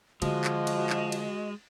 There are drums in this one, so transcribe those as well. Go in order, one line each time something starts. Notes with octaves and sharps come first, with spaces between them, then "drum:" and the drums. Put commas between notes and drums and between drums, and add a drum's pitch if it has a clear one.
D3 F3 G#3 F#4 D#5, drum: cymbal
drum: clap
drum: cymbal
drum: clap
drum: cymbal